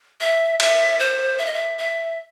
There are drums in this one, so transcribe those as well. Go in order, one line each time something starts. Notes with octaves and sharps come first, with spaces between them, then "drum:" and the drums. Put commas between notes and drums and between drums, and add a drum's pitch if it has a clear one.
E5
E5, drum: cymbal
C5
E5
D#5
E5
E5